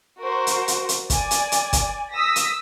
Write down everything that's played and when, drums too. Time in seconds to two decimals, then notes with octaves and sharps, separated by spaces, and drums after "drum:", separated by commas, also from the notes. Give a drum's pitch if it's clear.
0.17 F#4 A#4 C5
0.47 drum: hi-hat
0.68 drum: hi-hat
0.89 drum: hi-hat
1.10 D5 G#5, drum: kick, hi-hat
1.31 drum: hi-hat
1.52 drum: hi-hat
1.73 drum: kick, hi-hat
2.11 D#6 E6 A#6 B6
2.36 drum: hi-hat